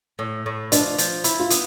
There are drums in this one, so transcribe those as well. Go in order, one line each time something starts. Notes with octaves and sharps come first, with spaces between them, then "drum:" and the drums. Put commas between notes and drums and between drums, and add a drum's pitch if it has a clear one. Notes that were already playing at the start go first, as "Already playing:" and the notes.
A2
A2
F3 D4, drum: hi-hat
F3, drum: hi-hat
E4, drum: hi-hat
F4
B3, drum: hi-hat